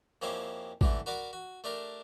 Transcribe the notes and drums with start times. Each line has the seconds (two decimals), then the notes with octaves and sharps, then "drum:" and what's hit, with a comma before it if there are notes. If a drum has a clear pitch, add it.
0.22 F2 A#3 C4 C#4 E4 G4
0.81 D3 E3 A3, drum: kick A1
1.06 F#4 A#4 D5 F#5 B5 D6
1.33 F#4
1.64 A3 D4 G4 A#4